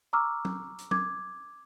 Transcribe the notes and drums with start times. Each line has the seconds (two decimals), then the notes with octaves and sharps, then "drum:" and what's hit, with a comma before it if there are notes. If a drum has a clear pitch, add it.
0.13 A#5 C#6 D6 E6 F6
0.45 drum: tom
0.79 drum: hi-hat
0.91 D6 G#6, drum: tom